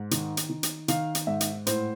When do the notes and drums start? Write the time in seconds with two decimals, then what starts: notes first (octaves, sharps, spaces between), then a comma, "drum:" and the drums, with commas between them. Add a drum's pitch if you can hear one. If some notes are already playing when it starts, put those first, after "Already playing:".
Already playing: G#2
0.11 D#3, drum: hi-hat
0.37 drum: hi-hat
0.49 D#3
0.63 drum: hi-hat
0.88 D#3 F5, drum: hi-hat
1.15 drum: hi-hat
1.27 G#2 E5
1.41 drum: hi-hat
1.67 A2 C5, drum: hi-hat